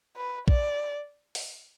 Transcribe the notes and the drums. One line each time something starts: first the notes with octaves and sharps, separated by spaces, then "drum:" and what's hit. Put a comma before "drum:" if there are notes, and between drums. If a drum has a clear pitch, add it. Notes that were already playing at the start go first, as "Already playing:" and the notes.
B4
D5, drum: kick A#1
drum: open hi-hat